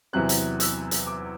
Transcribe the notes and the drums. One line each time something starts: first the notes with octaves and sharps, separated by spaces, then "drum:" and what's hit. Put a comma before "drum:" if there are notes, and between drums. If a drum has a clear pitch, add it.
E2 C3 F#3 C4 F#6
drum: hi-hat
E6, drum: hi-hat
drum: hi-hat
D6